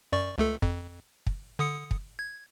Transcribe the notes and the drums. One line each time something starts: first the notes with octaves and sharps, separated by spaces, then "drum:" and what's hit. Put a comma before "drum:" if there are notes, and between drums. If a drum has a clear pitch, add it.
F#2 D5 C#6
C#2 A3 A4
F2, drum: kick
drum: kick
D3 D#6 C#7
drum: kick
G#6